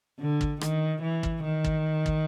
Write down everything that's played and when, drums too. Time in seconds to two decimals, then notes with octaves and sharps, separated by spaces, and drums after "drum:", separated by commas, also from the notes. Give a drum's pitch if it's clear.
0.20 D3
0.41 drum: kick
0.61 D#3, drum: rim click
1.02 E3
1.23 drum: kick
1.44 D#3
1.64 drum: kick
2.06 drum: kick